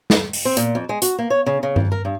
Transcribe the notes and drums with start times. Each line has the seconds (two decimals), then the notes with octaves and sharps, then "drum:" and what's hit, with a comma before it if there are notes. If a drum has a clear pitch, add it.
0.10 drum: snare
0.33 drum: open hi-hat
0.45 C4
0.57 A#2, drum: hi-hat
0.75 F2
0.89 G#3
1.02 F#4, drum: hi-hat
1.19 A#3
1.30 C#5
1.46 C#3
1.63 C#3
1.76 F2, drum: tom G2
1.92 A#4
2.05 G2